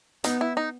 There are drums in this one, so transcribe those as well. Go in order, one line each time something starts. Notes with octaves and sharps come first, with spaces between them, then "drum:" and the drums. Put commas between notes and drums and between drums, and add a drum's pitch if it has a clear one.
B3 D#4, drum: hi-hat
E4
D#4